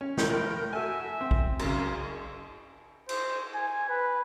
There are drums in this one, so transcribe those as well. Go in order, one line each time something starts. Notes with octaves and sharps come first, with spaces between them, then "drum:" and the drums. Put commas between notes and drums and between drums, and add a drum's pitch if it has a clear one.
C#4
G6, drum: snare
F1 A#4 F6
F#4 A4 E5 G#5
C4
drum: kick
F#2 C#3 C6, drum: cymbal
C5, drum: cymbal
G#5
B4